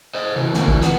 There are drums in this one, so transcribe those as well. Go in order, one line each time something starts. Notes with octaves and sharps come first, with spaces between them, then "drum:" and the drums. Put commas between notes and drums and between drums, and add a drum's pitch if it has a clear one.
C5 D#5
C3 E3
D2 A#3, drum: snare
E3 G3, drum: kick G#1
B3, drum: snare